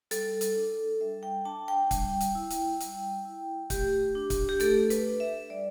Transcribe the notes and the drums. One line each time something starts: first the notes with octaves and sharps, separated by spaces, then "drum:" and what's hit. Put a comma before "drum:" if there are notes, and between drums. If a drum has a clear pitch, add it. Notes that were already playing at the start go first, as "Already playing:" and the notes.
G3 A4, drum: hi-hat
drum: hi-hat
D4
G3 E5
G5
D4 A5
G5
G3, drum: kick, hi-hat
drum: hi-hat
E4
drum: hi-hat
G3, drum: hi-hat
E4
A3 G4, drum: kick, hi-hat
D4
drum: kick, hi-hat
G4
A3 A4, drum: hi-hat
B4, drum: hi-hat
D4
E5
G3 D5